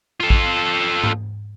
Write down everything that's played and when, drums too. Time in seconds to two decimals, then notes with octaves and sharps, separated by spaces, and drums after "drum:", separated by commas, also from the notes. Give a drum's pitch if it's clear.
0.20 F4 A4
0.30 drum: kick A1
1.03 drum: tom G#2